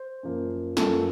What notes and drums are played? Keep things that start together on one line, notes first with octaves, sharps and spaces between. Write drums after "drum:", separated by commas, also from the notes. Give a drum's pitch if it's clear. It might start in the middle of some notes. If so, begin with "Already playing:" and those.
Already playing: C5
F#2 F3 A#3
F#2 F3 A#3 A4, drum: snare